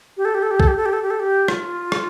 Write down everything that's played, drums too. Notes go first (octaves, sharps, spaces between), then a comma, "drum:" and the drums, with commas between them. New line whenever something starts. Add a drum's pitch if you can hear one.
G4
A4
G4
A4
G4
A4, drum: kick B1
G4
A4
G4
A4
G4
A4
G4
F4, drum: rim click
drum: rim click